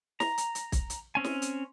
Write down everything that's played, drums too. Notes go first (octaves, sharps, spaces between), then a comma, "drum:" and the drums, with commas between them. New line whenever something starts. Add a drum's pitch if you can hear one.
A#5, drum: snare
drum: hi-hat
drum: hi-hat
drum: kick, hi-hat
drum: hi-hat
C4 C#4 G#5
drum: snare
drum: hi-hat